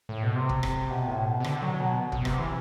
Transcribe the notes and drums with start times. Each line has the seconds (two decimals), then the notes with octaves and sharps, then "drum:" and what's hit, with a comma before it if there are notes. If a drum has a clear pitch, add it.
0.09 A2
0.23 B2
0.36 C3
0.49 drum: kick
0.63 drum: rim click
0.90 B2
1.07 A2
1.26 B2
1.40 C3
1.44 D3, drum: rim click
1.62 F#3
1.80 B2
2.12 B2, drum: kick
2.25 C3, drum: rim click
2.39 E3